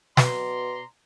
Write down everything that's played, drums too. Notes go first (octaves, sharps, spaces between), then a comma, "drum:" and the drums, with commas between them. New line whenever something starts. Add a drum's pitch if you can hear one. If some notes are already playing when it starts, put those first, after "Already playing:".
B2 D5 A#5 C6, drum: snare